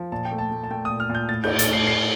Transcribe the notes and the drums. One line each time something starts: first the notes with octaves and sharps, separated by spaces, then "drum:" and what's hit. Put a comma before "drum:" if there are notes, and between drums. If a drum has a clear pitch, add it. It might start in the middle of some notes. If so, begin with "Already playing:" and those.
Already playing: F3
A#2 A5
G5
A3
A5
A3
A5
A3 G5
A#2 D#6
F6
A#2
G6
A2 A6
A2 G6, drum: cymbal
A6, drum: hi-hat
A2 C7
A2 C7